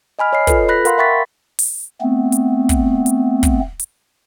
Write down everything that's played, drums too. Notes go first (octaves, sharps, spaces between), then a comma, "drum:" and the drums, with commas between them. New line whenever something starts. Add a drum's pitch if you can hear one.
D#5 G#5 B5 F6
C#5 D#5 C7
F4 A4 B4, drum: kick, hi-hat
B5 F#6 A#6 B6
A#4 F5 F#5 B5 C6, drum: hi-hat
E5 G5 B5 C#6 A6 B6
drum: open hi-hat
A3 B3 C4
drum: hi-hat
drum: kick, hi-hat
drum: hi-hat
drum: kick, hi-hat
drum: hi-hat